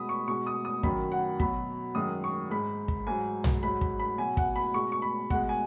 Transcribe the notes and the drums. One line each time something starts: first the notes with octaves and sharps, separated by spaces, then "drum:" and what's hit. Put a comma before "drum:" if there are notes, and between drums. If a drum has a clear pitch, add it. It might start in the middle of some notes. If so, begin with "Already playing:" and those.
Already playing: B2 G#3 B5 D#6
C#6
B2 G#3 C#6
D#6
D#6
F#2 D#3 F#3 B5, drum: kick
F#5
B2 F#3 B5, drum: kick
F#2 D#3 G#3 D#6
C#6
G#2 G#3 B5
drum: kick
G#2 F#3 G#5
drum: tom
G#2 F#3 B5
drum: kick
B5
B2 F#3 G#5
F#5, drum: kick
B5
B2 G#3 C#6
C#6
B5
B2 G#3 F#5, drum: kick
G#5